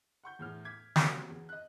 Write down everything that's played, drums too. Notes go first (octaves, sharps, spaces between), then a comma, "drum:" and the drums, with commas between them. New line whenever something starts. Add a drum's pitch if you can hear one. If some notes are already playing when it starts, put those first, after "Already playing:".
F#5 C#6 G6
E2 A2 F6
D6 G#6 B6
A#3 C4 C#4 F#4 G4, drum: snare
E2
D#5 F#6